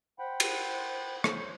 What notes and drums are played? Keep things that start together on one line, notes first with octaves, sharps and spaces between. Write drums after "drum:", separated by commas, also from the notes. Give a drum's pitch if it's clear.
C5 F#5 G5 B5
drum: cymbal
C5 C#5, drum: rim click